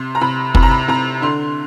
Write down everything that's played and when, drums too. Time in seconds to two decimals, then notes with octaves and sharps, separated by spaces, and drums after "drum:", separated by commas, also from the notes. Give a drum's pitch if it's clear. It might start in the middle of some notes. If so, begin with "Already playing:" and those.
Already playing: C3 C6
0.15 A#5
0.21 C3 B5
0.55 C3 B5, drum: kick
0.63 A#5
0.71 B5
0.88 C3 A#5
1.22 D3 C6